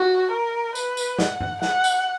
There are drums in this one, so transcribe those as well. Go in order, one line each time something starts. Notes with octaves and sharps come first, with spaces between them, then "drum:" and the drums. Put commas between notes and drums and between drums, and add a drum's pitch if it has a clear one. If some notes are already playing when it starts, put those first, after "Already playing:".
Already playing: F#4
A#4
B4, drum: tambourine
drum: tambourine
F#5, drum: snare
drum: tom F#2
F#5, drum: snare
drum: tambourine